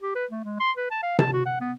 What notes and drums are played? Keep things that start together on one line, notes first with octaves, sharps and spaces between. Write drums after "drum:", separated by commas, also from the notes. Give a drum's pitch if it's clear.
G4
B4
A3
G#3
C6
B4
A5
F5
A5, drum: tom C3
F#4
F#5
B3